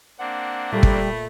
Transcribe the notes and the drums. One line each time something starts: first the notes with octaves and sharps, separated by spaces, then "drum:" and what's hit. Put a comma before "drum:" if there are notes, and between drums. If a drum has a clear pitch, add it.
A#3 C4 D4 F#5
A#2 G3 A3 A4 B5
drum: kick